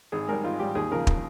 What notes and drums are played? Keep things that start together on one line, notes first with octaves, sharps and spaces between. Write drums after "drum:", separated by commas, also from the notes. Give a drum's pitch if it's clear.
G#1 G#4
G#2 G3 A#4
G#1 F4
G#2 G3 G4
D#2 G#4
C#3 F3 A#4
drum: kick